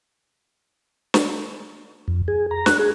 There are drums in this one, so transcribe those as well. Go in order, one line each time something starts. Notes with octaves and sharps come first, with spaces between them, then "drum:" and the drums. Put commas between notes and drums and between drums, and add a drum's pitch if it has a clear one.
drum: snare
F2
G#4
A#5
F#6, drum: snare
G#4